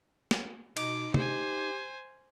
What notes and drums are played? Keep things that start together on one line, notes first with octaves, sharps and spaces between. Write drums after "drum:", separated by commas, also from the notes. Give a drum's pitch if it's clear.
drum: snare
B2 D#4 D6, drum: cymbal
G4 C5 G#5, drum: tom C3